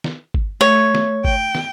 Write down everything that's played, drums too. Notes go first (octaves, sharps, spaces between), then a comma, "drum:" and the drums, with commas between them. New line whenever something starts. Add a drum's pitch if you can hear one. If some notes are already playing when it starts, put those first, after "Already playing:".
drum: snare
drum: kick
A3 C#5
drum: snare
G5, drum: kick
drum: snare